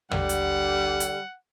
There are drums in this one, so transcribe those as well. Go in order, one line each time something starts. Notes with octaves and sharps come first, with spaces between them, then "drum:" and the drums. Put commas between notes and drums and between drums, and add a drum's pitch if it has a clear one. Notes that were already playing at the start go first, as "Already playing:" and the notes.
D3 G3 F#5, drum: tom
drum: hi-hat
drum: hi-hat